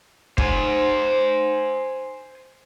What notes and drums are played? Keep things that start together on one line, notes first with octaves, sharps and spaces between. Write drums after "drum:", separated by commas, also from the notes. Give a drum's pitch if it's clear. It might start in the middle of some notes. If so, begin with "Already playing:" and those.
C5 G#5, drum: kick